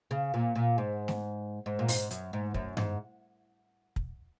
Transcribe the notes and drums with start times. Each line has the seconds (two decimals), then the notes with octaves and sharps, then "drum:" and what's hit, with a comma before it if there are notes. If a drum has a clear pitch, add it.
0.11 C#3
0.34 A#2
0.55 A#2
0.78 G#2
1.08 drum: snare A3
1.66 G#2
1.79 A#2
1.88 G#2, drum: open hi-hat
2.11 F#2, drum: hi-hat
2.33 G#2
2.54 F#2, drum: kick
2.77 G#2, drum: tom G2
3.96 drum: kick